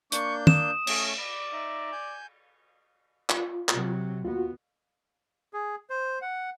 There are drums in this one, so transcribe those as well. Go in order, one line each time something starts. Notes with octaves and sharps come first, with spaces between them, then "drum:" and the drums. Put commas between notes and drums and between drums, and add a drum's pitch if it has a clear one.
A#3 D4 C#6 G6, drum: hi-hat
D#6 E7, drum: tom
A3 C#4 C#5, drum: cymbal
D5 B5
D#4 D#5 E5
G#5 G6
F4, drum: clap
C3 F#3, drum: clap
D#2 B3 F4 F#4
G#4
C5
F#5